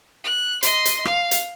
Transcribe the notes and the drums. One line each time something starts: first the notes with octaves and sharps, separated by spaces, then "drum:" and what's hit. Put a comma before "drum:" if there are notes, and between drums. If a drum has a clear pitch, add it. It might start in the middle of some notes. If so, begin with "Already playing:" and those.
F#6
D#5 C6, drum: hi-hat
drum: hi-hat
F5, drum: rim click
drum: hi-hat